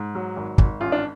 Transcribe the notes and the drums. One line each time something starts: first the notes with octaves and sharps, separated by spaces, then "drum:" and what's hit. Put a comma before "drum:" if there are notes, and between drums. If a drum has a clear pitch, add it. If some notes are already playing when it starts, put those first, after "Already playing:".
Already playing: G#2
F#3
G#1
G#1, drum: kick
A1 F4
D4